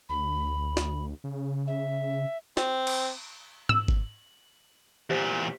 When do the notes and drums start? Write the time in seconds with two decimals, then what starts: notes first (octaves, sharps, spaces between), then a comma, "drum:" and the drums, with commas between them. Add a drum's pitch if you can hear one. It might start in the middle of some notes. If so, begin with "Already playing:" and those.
0.09 D2 B5
0.77 drum: snare
1.24 C#3
1.67 E5
2.57 C4, drum: snare
2.87 drum: cymbal
3.69 E6 F#7, drum: tom G#2
3.88 drum: kick G1
5.10 E2 A#2 G4 C5 B6